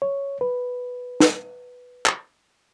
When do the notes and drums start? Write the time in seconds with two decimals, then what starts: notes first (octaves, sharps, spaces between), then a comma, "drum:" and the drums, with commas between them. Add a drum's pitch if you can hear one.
0.02 C#5
0.41 B4
1.20 drum: snare
2.06 drum: clap